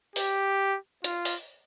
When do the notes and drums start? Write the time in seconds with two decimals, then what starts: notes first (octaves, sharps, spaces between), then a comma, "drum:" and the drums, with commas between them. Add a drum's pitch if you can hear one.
0.16 G4, drum: open hi-hat
1.04 F4, drum: hi-hat
1.25 drum: open hi-hat